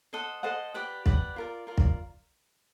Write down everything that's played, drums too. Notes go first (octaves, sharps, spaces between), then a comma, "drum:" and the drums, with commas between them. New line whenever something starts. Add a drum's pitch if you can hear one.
A4 C5 D#5 F#5
A4 C5 D#5 F#5
G4 B4 D5 F#5
G4 B4 D5 F#5, drum: kick
F4 A#4 D5
F4 A#4 D5
drum: kick